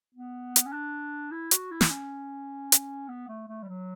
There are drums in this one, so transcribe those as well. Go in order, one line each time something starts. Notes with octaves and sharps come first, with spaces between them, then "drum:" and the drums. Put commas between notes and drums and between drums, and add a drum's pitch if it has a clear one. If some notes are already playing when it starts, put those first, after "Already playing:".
B3
drum: hi-hat
C#4
D4
E4
F#4, drum: hi-hat
E4
drum: snare
C#4
drum: hi-hat
B3
A3
A3
G3
F#3